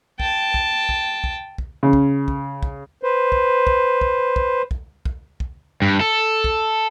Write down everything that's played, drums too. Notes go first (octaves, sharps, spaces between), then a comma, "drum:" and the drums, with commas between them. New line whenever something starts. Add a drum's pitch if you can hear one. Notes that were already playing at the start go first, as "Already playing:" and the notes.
G5 A5, drum: kick
drum: kick
drum: kick
drum: kick
drum: kick
C#3
drum: kick
drum: kick
drum: kick
B4 C5
drum: kick
drum: kick
drum: kick
drum: kick
drum: kick
drum: kick
drum: kick
G2
A4
drum: kick